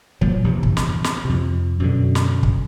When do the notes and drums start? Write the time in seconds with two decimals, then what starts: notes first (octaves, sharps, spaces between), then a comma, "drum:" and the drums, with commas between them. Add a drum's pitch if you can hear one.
0.21 A#2 F3 F#3, drum: kick
0.44 A#1 E2 G2 C3
0.63 drum: kick
0.77 drum: snare
1.04 drum: snare
1.25 F2 C3
1.80 F#2 B2 D3
2.15 drum: snare
2.43 drum: kick